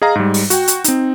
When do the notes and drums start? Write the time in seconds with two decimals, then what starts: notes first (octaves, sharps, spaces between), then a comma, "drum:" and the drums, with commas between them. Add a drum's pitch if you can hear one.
0.02 G#4 D#5 F5 A#5
0.16 G#2 G3
0.34 drum: open hi-hat
0.50 F#4 G5, drum: hi-hat
0.68 drum: hi-hat
0.84 C4 D#4, drum: hi-hat